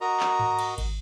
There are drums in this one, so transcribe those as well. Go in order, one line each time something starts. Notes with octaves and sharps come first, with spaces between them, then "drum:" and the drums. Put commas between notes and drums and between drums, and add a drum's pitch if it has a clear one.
F#4 A#4 D#5 A#5
drum: clap
drum: tom G#2
drum: cymbal
drum: kick G#1, cymbal